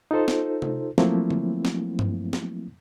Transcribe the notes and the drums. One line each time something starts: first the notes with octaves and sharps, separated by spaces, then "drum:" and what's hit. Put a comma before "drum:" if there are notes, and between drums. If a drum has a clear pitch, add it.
D#4 F4 A4 C5
drum: snare
drum: tom C3
F3 F#3 A3 A#3 C4 E4, drum: snare
drum: tom D3
drum: snare
drum: tom G2
drum: snare